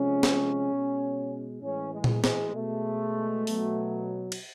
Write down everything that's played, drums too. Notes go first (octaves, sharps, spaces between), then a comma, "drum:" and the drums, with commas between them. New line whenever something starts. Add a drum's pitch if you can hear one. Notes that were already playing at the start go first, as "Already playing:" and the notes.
Already playing: C3 F3 G#3 C#4
drum: snare
B2 G#3
A2 E3 G#3 C#4
G#3
drum: tom A#2
G#3, drum: snare
B2 G#3 A3
B2 F#3, drum: open hi-hat
drum: cymbal